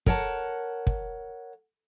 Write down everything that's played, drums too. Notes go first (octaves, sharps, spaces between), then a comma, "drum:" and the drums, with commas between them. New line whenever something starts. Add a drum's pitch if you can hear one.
A#4 C#5 F#5 A5, drum: kick
drum: kick